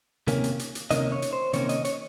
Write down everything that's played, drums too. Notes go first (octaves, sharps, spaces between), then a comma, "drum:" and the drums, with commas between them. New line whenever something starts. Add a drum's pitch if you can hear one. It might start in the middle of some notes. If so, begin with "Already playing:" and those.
C3 D#3 A#3 C#4, drum: hi-hat
drum: hi-hat
drum: hi-hat
drum: hi-hat
C3 D#3 A#3 C#4 D#5, drum: hi-hat
C#5
drum: hi-hat
C5
C3 D#3 A#3 C#4 C#5, drum: hi-hat
D#5, drum: hi-hat
C#5, drum: hi-hat